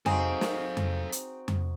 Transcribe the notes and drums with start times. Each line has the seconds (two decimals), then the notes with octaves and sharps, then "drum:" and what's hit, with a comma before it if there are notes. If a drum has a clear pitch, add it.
0.06 C4 D#4 F#4 G#4 A4 F5, drum: tom F2
0.41 drum: snare
0.77 drum: tom F2
1.12 drum: hi-hat
1.48 drum: tom F2